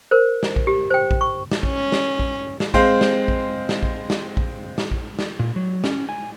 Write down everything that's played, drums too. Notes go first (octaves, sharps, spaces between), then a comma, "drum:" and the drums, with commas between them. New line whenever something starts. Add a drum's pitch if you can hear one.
A#4 C5
drum: snare
drum: kick A#1
G4
C5 G5
drum: kick A#1
C#6
drum: snare
C#4, drum: kick A#1
drum: snare
drum: kick A#1
drum: snare
G#3 C4 C5 F5, drum: kick A#1
drum: snare
drum: kick A#1
drum: snare
drum: kick A#1
drum: snare
drum: kick A#1
drum: snare
drum: kick A#1
drum: snare
A#2
F#3
C#4, drum: snare
G#5